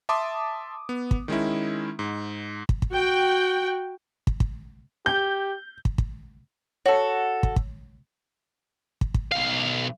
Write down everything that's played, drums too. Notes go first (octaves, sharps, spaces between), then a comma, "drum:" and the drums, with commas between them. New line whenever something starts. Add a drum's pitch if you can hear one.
E5 A5 C6 D6 D#6
B3
drum: kick
D#3 G#3 C#4 E4
G#2
drum: kick
drum: kick
F#4 G5
drum: kick
drum: kick
G4 G6
drum: kick
drum: kick
F#4 A4 C#5
drum: kick
drum: kick
drum: kick
drum: kick
B1 F5